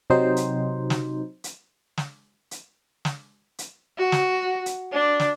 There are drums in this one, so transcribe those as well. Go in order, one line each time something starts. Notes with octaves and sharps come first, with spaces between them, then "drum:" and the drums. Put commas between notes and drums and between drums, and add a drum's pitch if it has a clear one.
C3 F#3 C4 D#4 C5
drum: hi-hat
drum: snare
drum: hi-hat
drum: snare
drum: hi-hat
drum: snare
drum: hi-hat
F#4
drum: snare
drum: hi-hat
D4
drum: snare